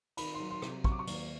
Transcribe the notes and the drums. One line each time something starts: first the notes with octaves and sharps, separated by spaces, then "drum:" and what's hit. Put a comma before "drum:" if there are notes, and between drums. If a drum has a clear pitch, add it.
D#3 B5, drum: cymbal
C6
F#3
C6
C3, drum: rim click
F#3 C#6, drum: kick
D6
C#6
D#2, drum: cymbal